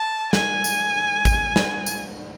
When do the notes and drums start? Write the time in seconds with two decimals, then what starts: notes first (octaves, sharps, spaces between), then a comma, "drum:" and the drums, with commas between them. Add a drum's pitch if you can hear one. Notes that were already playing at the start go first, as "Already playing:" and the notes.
Already playing: A5
0.33 G#5, drum: snare
0.64 drum: tambourine
1.25 drum: kick, tambourine
1.56 drum: snare
1.86 drum: tambourine